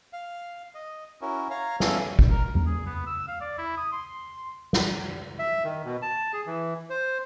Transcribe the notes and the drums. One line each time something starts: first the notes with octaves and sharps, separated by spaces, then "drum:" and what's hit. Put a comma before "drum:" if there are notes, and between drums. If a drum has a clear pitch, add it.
F5
D#5
C#4 E4 F#4 A#4
C#5 F5 A#5
B3 C#4 E4 A4 F5, drum: snare
drum: kick
A#4
drum: tom E2
G#4
B3
E6
F5
D5
E4
D#6
C6
drum: snare
E5
D#3
B2
A5
G#4
E3
C5